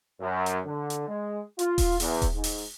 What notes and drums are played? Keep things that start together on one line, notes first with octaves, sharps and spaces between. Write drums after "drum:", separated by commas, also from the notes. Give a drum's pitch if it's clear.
F#2
drum: hi-hat
D3
drum: hi-hat
G#3
F4, drum: hi-hat
drum: kick D#1, open hi-hat
E2, drum: open hi-hat
drum: kick D#1, hi-hat
G#2
drum: open hi-hat